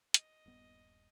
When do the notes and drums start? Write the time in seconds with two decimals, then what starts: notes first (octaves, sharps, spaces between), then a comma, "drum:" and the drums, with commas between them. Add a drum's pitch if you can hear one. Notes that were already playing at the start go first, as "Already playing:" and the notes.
0.14 D#5, drum: hi-hat
0.46 D#1 G2 B3